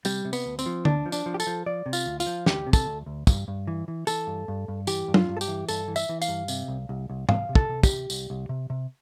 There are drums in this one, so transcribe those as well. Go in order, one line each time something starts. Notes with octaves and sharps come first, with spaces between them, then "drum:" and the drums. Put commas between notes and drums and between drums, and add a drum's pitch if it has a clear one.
C3 G3, drum: tambourine
C3
B3, drum: tambourine
D2
C4, drum: tambourine
F3
D2 D4, drum: tom
F3
D4, drum: tambourine
F3
G4
A4, drum: tambourine
F3
F3 D5
C3
F4, drum: tambourine
D2
F4, drum: tambourine
F3
D2 G4, drum: snare
C3
A4, drum: kick, tambourine
D2
D2
G2, drum: kick, tambourine
G2
E3
E3
E3 A4, drum: tambourine
G2
G2
G2
E3 G4, drum: tambourine
G2
F4, drum: tom
G2
A4
G4, drum: tambourine
E3
G2 A4, drum: tambourine
E3
E5, drum: tambourine
E3
F5, drum: tambourine
G2
C3, drum: tambourine
C2
C2
C2
C2 F5, drum: tom
C3
A4, drum: kick
C3
G4, drum: kick, tambourine
C3
C2, drum: tambourine
C2
C3
C3